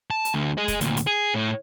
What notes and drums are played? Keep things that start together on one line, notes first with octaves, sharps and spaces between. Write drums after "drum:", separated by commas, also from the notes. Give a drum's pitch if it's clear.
A5
drum: hi-hat
D2 D3
G#4 D#5
drum: kick, hi-hat
D2 A#2, drum: hi-hat
drum: hi-hat
G#4
A2